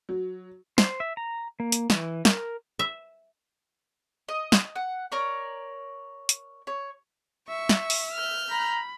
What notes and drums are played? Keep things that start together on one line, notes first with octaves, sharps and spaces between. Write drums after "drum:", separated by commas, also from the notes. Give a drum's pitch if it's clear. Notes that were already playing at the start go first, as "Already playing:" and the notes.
F#3
C5, drum: snare
E5
A#5
A#3
drum: hi-hat
E3, drum: snare
A#4, drum: snare
E5
D#5
drum: snare
F#5
A#4 C#5 D5
drum: hi-hat
C#5
E5 C#6
drum: snare
drum: open hi-hat
F6 G6
A#5 B5